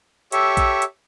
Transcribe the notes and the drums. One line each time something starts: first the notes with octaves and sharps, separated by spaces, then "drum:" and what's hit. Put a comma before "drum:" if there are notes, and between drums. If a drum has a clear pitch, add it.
G4 A4 C#5 E5, drum: hi-hat
drum: kick A#1, hi-hat
drum: hi-hat